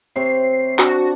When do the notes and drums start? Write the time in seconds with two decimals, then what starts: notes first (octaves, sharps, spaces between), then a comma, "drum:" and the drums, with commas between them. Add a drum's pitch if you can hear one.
0.16 C3 C#5 E5 C7
0.79 D4 F#4, drum: clap